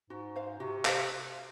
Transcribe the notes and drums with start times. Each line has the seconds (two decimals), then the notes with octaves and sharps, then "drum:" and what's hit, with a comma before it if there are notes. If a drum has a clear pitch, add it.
0.10 G#2 F#4
0.36 C5 F5
0.60 C3 F#4
0.85 C5 F5, drum: clap